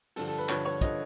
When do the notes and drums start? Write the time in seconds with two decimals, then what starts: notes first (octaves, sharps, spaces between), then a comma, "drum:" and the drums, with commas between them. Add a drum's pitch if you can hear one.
0.16 G2 D3 F3 A4, drum: open hi-hat
0.28 A4
0.38 B4
0.49 G2 D3 F3 C#5, drum: clap
0.65 C#5
0.81 D3 F3 D#5, drum: kick, hi-hat